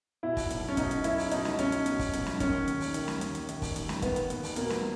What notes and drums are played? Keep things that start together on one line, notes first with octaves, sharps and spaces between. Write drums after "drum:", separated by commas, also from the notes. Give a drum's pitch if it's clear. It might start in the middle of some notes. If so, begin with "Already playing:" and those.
B2 E4
drum: kick G1, open hi-hat
B1, drum: hi-hat
C#4
B2 D#4, drum: kick G1, hi-hat
drum: hi-hat
B1 E4, drum: hi-hat
drum: open hi-hat
B2 D#4, drum: hi-hat
drum: snare
B1 C#4, drum: hi-hat
drum: hi-hat
B2, drum: hi-hat
drum: kick G1, open hi-hat
B1, drum: hi-hat
drum: snare
D#3 C#4, drum: kick G1, hi-hat
D#2, drum: hi-hat
drum: open hi-hat
D#3, drum: hi-hat
drum: snare
D#2, drum: hi-hat
drum: hi-hat
D#3, drum: hi-hat
drum: kick G1, open hi-hat
D#2, drum: hi-hat
drum: snare
D#3 B3, drum: kick G1, hi-hat
drum: hi-hat
D#2, drum: hi-hat
drum: open hi-hat
B2 A#3, drum: hi-hat
drum: snare